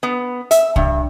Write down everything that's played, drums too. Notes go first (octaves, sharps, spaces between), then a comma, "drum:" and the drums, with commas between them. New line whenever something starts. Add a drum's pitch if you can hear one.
B3
E5, drum: hi-hat
G2, drum: kick C2